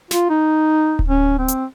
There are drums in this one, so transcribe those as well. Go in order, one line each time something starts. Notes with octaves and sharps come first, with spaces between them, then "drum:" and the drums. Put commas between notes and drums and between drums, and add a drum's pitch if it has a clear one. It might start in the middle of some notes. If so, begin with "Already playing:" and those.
F4, drum: snare
D#4
drum: kick D1
C#4
C4
drum: hi-hat